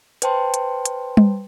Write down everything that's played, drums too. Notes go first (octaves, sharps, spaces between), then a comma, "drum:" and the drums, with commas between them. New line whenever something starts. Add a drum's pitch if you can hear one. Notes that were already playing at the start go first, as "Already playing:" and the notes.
B4 C5 G5 A5 C6, drum: hi-hat
drum: hi-hat
drum: hi-hat
drum: tom G3